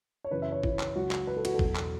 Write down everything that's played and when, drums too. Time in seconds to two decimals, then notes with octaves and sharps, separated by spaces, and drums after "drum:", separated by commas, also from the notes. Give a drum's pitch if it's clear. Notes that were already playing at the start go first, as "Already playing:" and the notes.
0.24 C#5
0.30 F#2 C#3 E3 B4
0.42 E5
0.52 C#5
0.63 E4, drum: kick
0.79 drum: clap
0.95 C#2 C#3 F#3 F#4
1.11 drum: clap
1.27 B4
1.37 A4
1.45 F#4, drum: cymbal
1.54 A4
1.59 E2 B2 F#3, drum: kick
1.75 drum: clap